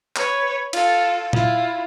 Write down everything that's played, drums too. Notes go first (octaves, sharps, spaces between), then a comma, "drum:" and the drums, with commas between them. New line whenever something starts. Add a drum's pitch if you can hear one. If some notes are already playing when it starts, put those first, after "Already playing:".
B4 C#5, drum: clap
F4 A4, drum: cymbal
E4 F4, drum: tom A#2